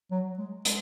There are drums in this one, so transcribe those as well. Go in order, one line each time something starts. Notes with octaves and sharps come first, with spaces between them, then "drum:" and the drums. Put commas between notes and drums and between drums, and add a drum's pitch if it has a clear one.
F#3
G#3
G#3, drum: hi-hat